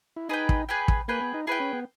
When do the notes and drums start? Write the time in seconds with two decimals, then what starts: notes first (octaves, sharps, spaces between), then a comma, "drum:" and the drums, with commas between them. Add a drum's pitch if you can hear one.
0.16 E4
0.29 D#4 G#4 B4 G5
0.49 drum: kick
0.69 G#4 B4 G5
0.88 drum: kick
1.08 A#3 G#4 B4 G5
1.21 B3
1.34 D#4
1.47 E4 G#4 B4 G5
1.60 C#4
1.73 B3